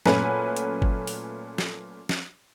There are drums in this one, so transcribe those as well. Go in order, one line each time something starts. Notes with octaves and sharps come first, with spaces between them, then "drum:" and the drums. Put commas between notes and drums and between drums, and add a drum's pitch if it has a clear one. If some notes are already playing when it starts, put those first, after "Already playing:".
A#2 F#3 A3 C#4 B4 G#5, drum: snare
drum: hi-hat
drum: kick G1
drum: open hi-hat
drum: snare
drum: snare